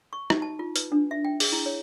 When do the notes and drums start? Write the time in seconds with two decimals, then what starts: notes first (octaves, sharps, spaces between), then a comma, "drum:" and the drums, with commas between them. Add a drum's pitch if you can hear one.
0.13 C#6
0.30 D#4, drum: rim click
0.42 A5
0.59 F4
0.76 B4, drum: hi-hat
0.92 D4
1.11 E5
1.25 G5
1.40 G#4, drum: open hi-hat
1.52 E4
1.66 C#5